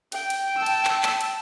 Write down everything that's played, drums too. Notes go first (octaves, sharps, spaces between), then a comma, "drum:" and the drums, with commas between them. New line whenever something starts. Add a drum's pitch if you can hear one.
G5, drum: cymbal
drum: cymbal
A5 E6
drum: cymbal
drum: clap
drum: clap
drum: cymbal